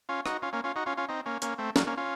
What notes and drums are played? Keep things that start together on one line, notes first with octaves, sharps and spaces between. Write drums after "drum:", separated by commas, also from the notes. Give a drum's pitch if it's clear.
C#4 F4
D#4 F#4, drum: rim click
C#4 F4
A#3 C#4
C#4 F4
D#4 F#4
C#4 F4
C#4 F4
C4 D#4
A#3 C#4
A#3 C#4, drum: hi-hat
A3 C4
F#3 A#3, drum: snare
A#3 C#4
C#4 F4